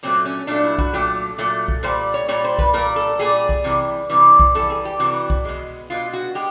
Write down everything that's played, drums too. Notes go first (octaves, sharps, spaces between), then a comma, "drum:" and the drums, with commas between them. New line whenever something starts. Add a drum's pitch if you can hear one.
A#2 F#3 A3 C4
C#4
A#2 F#3 A3 D4
E4
F#4, drum: kick B1
A#2 F#3 A3 G4
A#2 F#3 A3
drum: kick B1
A#2 G3 C5
C#5
A#2 G3 C#5
C5
B4, drum: kick B1
A#2 G3 A#4
A4
A#2 G3 G#4
drum: kick B1
C3 E3 G3
C3 E3 G3
drum: kick B1
C3 E3 G3 A4
G#4
G4
C3 E3 G3 F#4
drum: kick B1
B2 G#3
B2 G#3 F4
F#4
G#3 G4